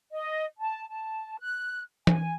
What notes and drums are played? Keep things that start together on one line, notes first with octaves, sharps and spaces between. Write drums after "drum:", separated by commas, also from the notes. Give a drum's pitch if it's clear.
D#5
A5
A5
F#6
G#5, drum: tom E3